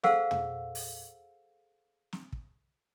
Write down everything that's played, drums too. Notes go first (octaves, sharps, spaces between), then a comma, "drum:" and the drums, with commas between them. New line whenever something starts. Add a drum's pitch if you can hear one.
G#4 A4 C5 F5 F#5 E6, drum: snare
drum: tom
drum: open hi-hat
drum: snare
drum: kick